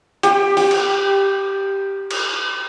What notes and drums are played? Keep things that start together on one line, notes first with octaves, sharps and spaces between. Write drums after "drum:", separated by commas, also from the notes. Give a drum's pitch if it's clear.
G4, drum: hi-hat
G4, drum: open hi-hat
drum: cymbal
drum: cymbal